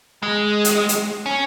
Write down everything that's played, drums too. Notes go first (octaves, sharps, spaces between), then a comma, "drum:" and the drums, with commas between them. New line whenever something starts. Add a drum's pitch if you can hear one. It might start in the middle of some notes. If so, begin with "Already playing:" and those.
G#3
drum: hi-hat
drum: hi-hat
C#4